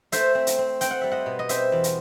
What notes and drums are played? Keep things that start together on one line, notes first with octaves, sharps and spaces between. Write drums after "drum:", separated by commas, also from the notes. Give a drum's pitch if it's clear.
A3 C5 E5, drum: hi-hat
C4
drum: hi-hat
C4
C4 G5, drum: hi-hat
F#5
G3 E5
D#5 F#5
B2
D#5
C4 C5 E5, drum: hi-hat
E2
drum: hi-hat